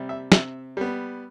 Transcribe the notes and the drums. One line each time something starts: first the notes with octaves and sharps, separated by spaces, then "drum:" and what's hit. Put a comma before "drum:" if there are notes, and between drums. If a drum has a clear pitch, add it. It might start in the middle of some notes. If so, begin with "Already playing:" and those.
Already playing: C3 G3
E5
C3 E5, drum: snare
G3 B3